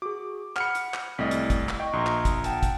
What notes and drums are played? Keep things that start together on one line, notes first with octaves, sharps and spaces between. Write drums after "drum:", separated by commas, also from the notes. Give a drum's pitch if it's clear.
F#4 G#4 D6
F#5 B5 F6 C#7, drum: clap
drum: hi-hat
drum: clap
C2 A2 C4 D5 D#5 B6
drum: hi-hat
drum: kick, hi-hat
drum: clap
D#5 G5 C#6
A#1 A#5 C6 D#6
drum: clap
drum: kick, hi-hat
F#5 G5 A5, drum: hi-hat
drum: kick, hi-hat